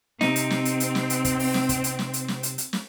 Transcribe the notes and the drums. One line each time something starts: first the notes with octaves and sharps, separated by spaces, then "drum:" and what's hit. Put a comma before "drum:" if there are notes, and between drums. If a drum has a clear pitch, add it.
C3 C4 D#4, drum: snare
drum: hi-hat
drum: snare
drum: hi-hat
drum: hi-hat
drum: snare
drum: hi-hat
drum: kick, hi-hat
drum: open hi-hat
drum: snare
drum: kick, hi-hat
drum: hi-hat
drum: snare
drum: hi-hat
drum: snare
drum: hi-hat
drum: hi-hat
drum: snare